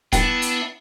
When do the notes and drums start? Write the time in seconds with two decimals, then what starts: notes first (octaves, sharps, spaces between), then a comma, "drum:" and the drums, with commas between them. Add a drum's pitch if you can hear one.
0.13 B3 D4 E4 G5, drum: kick, hi-hat
0.42 drum: hi-hat